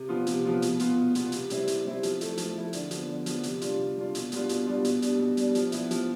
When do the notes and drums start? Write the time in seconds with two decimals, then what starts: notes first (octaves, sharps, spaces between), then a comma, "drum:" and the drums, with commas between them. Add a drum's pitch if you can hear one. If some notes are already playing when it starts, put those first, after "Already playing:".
Already playing: C3
0.09 F3 B3 F4
0.27 C3, drum: hi-hat
0.45 F3 B3 F4
0.62 B2, drum: hi-hat
0.80 B3 F4, drum: hi-hat
0.98 B2
1.15 B3 F4, drum: hi-hat
1.32 C3, drum: hi-hat
1.50 G3 C4 E4, drum: hi-hat
1.67 C3, drum: hi-hat
1.85 G3 C4 E4
2.03 F3, drum: hi-hat
2.21 A3 E4, drum: hi-hat
2.38 F3, drum: hi-hat
2.55 A3 E4
2.73 D3, drum: hi-hat
2.91 F3 B3, drum: hi-hat
3.08 D3
3.26 F3 B3, drum: hi-hat
3.43 C3, drum: hi-hat
3.62 G3 D4 F4, drum: hi-hat
3.79 C3
3.97 G3 D4 F4
4.15 B2, drum: hi-hat
4.32 G3 B3 D4 F4, drum: hi-hat
4.49 B2, drum: hi-hat
4.67 G3 B3 D4 F4
4.85 B2, drum: hi-hat
5.02 G3 D4, drum: hi-hat
5.19 B2
5.37 G3 D4, drum: hi-hat
5.55 F3, drum: hi-hat
5.72 B3 E4, drum: hi-hat
5.91 F3, drum: hi-hat